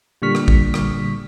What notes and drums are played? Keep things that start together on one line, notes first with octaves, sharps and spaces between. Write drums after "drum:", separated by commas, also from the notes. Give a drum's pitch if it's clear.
A#2 D3 G3 C#6 F6 B6
drum: rim click
drum: kick
drum: rim click